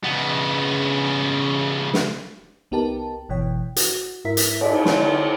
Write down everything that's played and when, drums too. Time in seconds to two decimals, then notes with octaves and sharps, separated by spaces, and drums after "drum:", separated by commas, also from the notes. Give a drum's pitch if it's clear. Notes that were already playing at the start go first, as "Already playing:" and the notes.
0.04 C#3 B3
1.94 drum: snare
2.71 C2 B3 D#4 G4 A#4 A5
3.29 G1 B2 E3 C#5 G5
3.76 F#4, drum: hi-hat
4.25 G#2 E4 A#4 E5 B6
4.37 drum: hi-hat
4.61 drum: cymbal
4.85 D3 C6, drum: snare